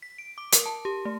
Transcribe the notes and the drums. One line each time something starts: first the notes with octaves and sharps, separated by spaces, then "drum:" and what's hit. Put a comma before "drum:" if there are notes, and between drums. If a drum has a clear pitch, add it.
B6
D7
D6
A#4, drum: hi-hat
A5
G4
A3